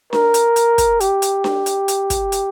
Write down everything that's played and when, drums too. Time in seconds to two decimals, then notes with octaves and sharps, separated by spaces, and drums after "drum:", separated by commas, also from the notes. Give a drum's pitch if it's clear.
0.13 A#4, drum: snare D4
0.34 drum: hi-hat
0.56 drum: hi-hat
0.78 drum: kick, hi-hat
1.01 G4, drum: hi-hat
1.22 drum: hi-hat
1.44 drum: snare D4
1.66 drum: hi-hat
1.88 drum: hi-hat
2.10 drum: kick, hi-hat
2.32 drum: hi-hat